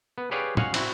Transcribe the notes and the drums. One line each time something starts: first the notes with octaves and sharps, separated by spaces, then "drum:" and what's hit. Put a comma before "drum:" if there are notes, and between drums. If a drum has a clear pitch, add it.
B3
G4 G#4 B4 C#5 D5 F5
C#5 D#5 F5 F#5 G#5, drum: tom A2
C4 E4 F#4, drum: cymbal